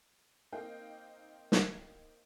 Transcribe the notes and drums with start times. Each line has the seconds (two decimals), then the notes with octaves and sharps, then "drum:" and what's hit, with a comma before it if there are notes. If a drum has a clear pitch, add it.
0.53 A#3 C4 D#4 F5 G5
1.52 drum: snare